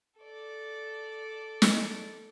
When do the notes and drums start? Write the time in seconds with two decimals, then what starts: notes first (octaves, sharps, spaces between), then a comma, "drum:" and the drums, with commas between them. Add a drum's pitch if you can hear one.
0.20 A4 D5
1.62 drum: snare